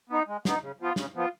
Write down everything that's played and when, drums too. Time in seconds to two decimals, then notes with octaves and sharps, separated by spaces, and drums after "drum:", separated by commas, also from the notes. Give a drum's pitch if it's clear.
0.10 B3 D#4
0.27 G#3
0.45 B3 D#4, drum: snare
0.62 C#3
0.80 F3 B3 F4
0.96 C#3, drum: snare
1.14 F3 B3 F4